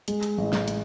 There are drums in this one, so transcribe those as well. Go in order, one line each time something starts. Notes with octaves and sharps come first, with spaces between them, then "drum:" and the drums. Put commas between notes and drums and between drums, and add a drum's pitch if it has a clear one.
G#3, drum: hi-hat
drum: hi-hat
A1
drum: snare
drum: hi-hat